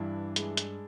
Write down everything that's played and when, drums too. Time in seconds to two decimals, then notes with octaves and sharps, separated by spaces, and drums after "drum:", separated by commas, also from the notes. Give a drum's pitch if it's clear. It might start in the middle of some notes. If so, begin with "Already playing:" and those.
Already playing: G2 E3 D4 E4
0.36 G#3, drum: hi-hat
0.57 drum: hi-hat